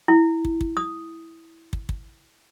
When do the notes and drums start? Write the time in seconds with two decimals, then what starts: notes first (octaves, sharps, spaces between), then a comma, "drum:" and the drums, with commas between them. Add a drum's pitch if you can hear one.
0.08 E4
0.45 drum: kick
0.61 drum: kick
0.77 D#6
1.73 drum: kick
1.89 drum: kick